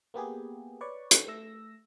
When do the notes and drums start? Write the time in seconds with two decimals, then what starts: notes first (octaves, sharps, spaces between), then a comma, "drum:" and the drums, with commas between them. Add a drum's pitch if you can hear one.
0.14 A#3 B3 G4 G#4
0.81 B4 C#5 D5 C#6
1.11 drum: hi-hat
1.28 A3 E6 A#6